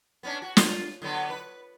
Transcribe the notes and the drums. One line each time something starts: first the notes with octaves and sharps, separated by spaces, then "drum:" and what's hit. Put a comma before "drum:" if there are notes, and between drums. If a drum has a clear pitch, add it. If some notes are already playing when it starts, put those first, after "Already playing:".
B3 C#4 D4
F#4
F4, drum: snare
D3 F#3 B3
B4